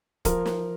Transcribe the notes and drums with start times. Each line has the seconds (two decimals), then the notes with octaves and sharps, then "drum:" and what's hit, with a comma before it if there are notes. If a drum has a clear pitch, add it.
0.25 F3 A#4, drum: kick, hi-hat
0.46 drum: snare